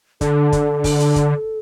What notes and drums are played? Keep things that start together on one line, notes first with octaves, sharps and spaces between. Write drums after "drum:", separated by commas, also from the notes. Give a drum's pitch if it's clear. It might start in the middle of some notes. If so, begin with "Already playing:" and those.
D3 A4, drum: kick, hi-hat
drum: kick, hi-hat
drum: kick, open hi-hat
drum: hi-hat
drum: kick, hi-hat